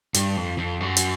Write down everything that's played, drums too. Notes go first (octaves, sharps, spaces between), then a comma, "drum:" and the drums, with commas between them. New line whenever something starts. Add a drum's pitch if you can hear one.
G2, drum: hi-hat
F2
F2
F#2
drum: hi-hat